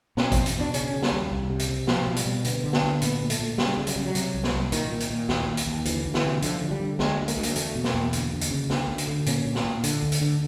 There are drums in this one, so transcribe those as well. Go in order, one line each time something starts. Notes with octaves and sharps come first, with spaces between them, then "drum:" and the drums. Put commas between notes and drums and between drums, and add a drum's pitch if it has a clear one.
B2 C#4, drum: snare
E2 C4, drum: kick A1, hi-hat
drum: hi-hat
B2 D4
C#3 C#4, drum: hi-hat
C#3
G3, drum: snare
D#2
C2
C3
drum: hi-hat
C3
B2 F3, drum: snare
B2
G3, drum: hi-hat
B2
D2 B3, drum: hi-hat
D3
B3, drum: snare
D2
A#2 B3, drum: hi-hat
A#2
A3, drum: hi-hat
A#2
C#3 G3, drum: snare
C#3
F#3, drum: hi-hat
C#3 G3
F#3
C3, drum: hi-hat
C2
drum: snare
C2
A#2 D#3, drum: hi-hat
A#2
drum: hi-hat
A#2
D#2, drum: snare
D#2
drum: hi-hat
D#2
D2 E3, drum: hi-hat
D2
E3, drum: snare
C3
D3 F3, drum: hi-hat
D3
G3
D3
D2 G#3, drum: snare
D2
A#3, drum: hi-hat
D2 A3
A#3, drum: hi-hat
E2 A3, drum: hi-hat
B2
A#3, drum: snare
E2
D2, drum: hi-hat
D2
drum: hi-hat
C#3
D2, drum: snare
D2
drum: hi-hat
D3
A#2 C#4, drum: hi-hat
A#2
drum: snare
A#2
D3, drum: hi-hat
D2
drum: hi-hat
D3